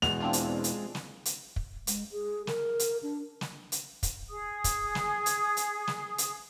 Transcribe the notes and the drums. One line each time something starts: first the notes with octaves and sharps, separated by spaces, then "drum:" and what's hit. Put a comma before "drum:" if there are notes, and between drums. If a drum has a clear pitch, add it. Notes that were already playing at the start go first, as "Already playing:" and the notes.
E2 B2 G#3 F7, drum: snare
C4 D4 F4
drum: hi-hat
drum: hi-hat
drum: snare
drum: hi-hat
drum: kick
G#3, drum: hi-hat
G#4
A#4, drum: snare
drum: hi-hat
D4
drum: snare
drum: hi-hat
drum: kick, hi-hat
G#4 D#6
drum: kick, hi-hat
drum: snare
drum: hi-hat
drum: hi-hat
drum: snare
drum: hi-hat